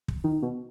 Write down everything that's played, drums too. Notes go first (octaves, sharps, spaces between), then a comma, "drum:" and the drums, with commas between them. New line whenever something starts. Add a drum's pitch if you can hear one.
drum: kick
D#3
B2